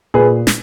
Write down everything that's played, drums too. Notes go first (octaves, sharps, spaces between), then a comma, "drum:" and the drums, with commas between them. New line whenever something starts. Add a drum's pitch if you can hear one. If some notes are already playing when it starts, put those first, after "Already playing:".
A#2 G#4 B4
drum: snare